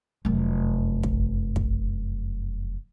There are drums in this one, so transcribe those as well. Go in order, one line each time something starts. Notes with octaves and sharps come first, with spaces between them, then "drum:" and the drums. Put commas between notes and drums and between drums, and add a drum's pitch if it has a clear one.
F1 F#2
drum: kick
drum: kick